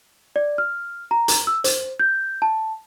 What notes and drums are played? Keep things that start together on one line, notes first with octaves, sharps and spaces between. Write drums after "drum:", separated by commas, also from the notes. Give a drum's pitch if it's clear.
D5
F6
A#5
drum: hi-hat
E6
C5, drum: hi-hat
G6
A5